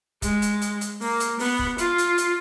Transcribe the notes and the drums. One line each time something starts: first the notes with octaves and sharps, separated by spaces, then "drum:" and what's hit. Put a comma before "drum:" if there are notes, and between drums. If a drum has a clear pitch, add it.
G#3, drum: kick, hi-hat
drum: hi-hat
drum: hi-hat
drum: hi-hat
A#3, drum: open hi-hat
drum: hi-hat
B3, drum: open hi-hat
drum: kick
F4, drum: hi-hat
drum: hi-hat
drum: hi-hat